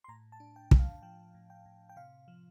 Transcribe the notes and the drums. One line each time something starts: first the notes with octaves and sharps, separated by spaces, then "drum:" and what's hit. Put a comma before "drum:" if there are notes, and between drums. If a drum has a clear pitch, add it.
C6
A2 A#5
A5
D4
G5
A2, drum: kick
F5
F3 G5
A2
G5
A2
G5
C3 F5
F3